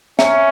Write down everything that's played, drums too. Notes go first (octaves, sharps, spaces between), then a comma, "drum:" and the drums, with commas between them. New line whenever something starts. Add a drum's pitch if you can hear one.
C#4 E5, drum: snare